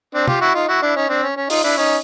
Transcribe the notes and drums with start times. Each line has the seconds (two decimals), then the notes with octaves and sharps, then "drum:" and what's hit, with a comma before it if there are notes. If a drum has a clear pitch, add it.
0.14 C4 D4
0.28 F4 G4, drum: tom
0.41 E4 F#4
0.55 D#4 F4
0.68 E4 F#4
0.82 D4 E4
0.96 C#4 D#4
1.09 C4 D4
1.23 C#4
1.36 C#4
1.50 D#4 F4, drum: open hi-hat
1.64 D4 E4
1.77 C#4 D#4